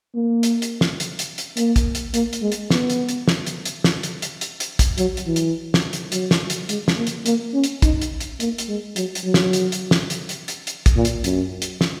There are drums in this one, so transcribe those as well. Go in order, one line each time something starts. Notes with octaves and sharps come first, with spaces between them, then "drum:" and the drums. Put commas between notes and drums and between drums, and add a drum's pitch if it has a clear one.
A#3
drum: hi-hat
drum: hi-hat
drum: snare
drum: hi-hat
drum: hi-hat
drum: hi-hat
A#3, drum: hi-hat
drum: kick, hi-hat
drum: hi-hat
A#3, drum: hi-hat
drum: hi-hat
G#3
drum: hi-hat
B3, drum: snare
drum: hi-hat
drum: hi-hat
drum: snare
drum: hi-hat
drum: hi-hat
drum: snare
drum: hi-hat
drum: hi-hat
drum: hi-hat
drum: hi-hat
drum: kick, hi-hat
F#3, drum: hi-hat
drum: hi-hat
E3
drum: hi-hat
drum: snare
drum: hi-hat
F#3, drum: hi-hat
drum: snare
drum: hi-hat
G#3, drum: hi-hat
drum: snare
A#3
drum: hi-hat
A#3, drum: hi-hat
C#4
drum: hi-hat
D#4, drum: kick, hi-hat
drum: hi-hat
drum: hi-hat
A#3, drum: hi-hat
drum: hi-hat
G#3
F#3, drum: hi-hat
drum: hi-hat
F#3
drum: snare
drum: hi-hat
drum: hi-hat
drum: snare
drum: hi-hat
drum: hi-hat
drum: hi-hat
drum: hi-hat
drum: kick, hi-hat
A#2
drum: hi-hat
F#2, drum: hi-hat
drum: hi-hat
drum: snare